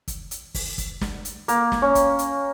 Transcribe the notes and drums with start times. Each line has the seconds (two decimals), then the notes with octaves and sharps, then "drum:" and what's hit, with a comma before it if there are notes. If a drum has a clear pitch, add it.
0.08 drum: kick, hi-hat
0.31 drum: hi-hat
0.54 drum: kick, open hi-hat
0.78 drum: kick, hi-hat
1.01 drum: snare
1.25 drum: hi-hat
1.48 A#3, drum: hi-hat
1.72 drum: snare
1.82 C#4
1.95 drum: kick, hi-hat
2.19 drum: hi-hat